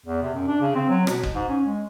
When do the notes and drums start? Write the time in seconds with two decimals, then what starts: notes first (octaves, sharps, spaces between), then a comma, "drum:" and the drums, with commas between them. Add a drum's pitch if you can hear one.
0.06 E2
0.23 C3
0.35 F#2
0.48 D4
0.61 C#3
0.75 C4
0.89 F#3
1.07 B2, drum: rim click
1.24 drum: kick F#1
1.35 G#2
1.49 C#4
1.66 G#3